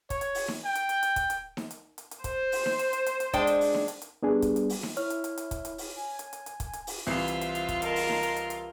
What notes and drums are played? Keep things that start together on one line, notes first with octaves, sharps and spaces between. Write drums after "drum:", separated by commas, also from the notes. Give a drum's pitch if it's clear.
C#5, drum: kick, hi-hat
drum: hi-hat
drum: open hi-hat
drum: snare D#4
G5
drum: hi-hat
drum: hi-hat
drum: hi-hat
drum: kick, hi-hat
drum: hi-hat
drum: snare D#4
drum: hi-hat
drum: hi-hat
drum: hi-hat
C5, drum: kick, hi-hat
drum: open hi-hat
drum: snare D#4
drum: hi-hat
drum: hi-hat
drum: hi-hat
drum: hi-hat
G#3 D4 G5, drum: kick, hi-hat
drum: hi-hat
drum: open hi-hat
drum: snare D#4
drum: hi-hat
drum: hi-hat
G3 B3 D4 G#4
drum: kick, hi-hat
drum: hi-hat
drum: open hi-hat
drum: snare D#4
E4 C#5 F6, drum: hi-hat
drum: hi-hat
drum: hi-hat
drum: hi-hat
drum: kick, hi-hat
drum: hi-hat
drum: open hi-hat
G#5
drum: hi-hat
drum: hi-hat
drum: hi-hat
drum: kick, hi-hat
drum: hi-hat
drum: open hi-hat
C2 E3 F4 C5 E5 C7
drum: hi-hat
drum: hi-hat
drum: hi-hat
drum: kick, hi-hat
A#4 D#5 A5, drum: hi-hat
drum: open hi-hat
drum: snare D#4
drum: hi-hat
drum: hi-hat
drum: hi-hat